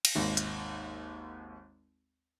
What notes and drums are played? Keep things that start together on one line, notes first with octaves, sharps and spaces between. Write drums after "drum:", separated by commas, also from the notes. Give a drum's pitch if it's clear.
drum: cymbal
G#1 D#2
drum: hi-hat